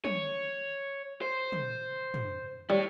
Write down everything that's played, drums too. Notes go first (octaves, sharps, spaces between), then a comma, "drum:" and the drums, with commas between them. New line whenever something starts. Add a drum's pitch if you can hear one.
C#5, drum: tom
C5
drum: tom
drum: tom
G3 E4 C#5